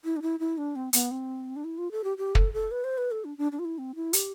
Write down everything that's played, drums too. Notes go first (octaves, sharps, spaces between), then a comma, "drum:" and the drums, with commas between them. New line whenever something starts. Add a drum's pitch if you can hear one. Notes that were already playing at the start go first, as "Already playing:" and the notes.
E4
D4
E4
E4
D4
C4
B3, drum: hi-hat
C4
D4
E4
F4
A4
G4
G4
A4, drum: kick
A4
B4
C5
B4
A4
D4
D4
D4
F4
E4
C4
E4
G4, drum: hi-hat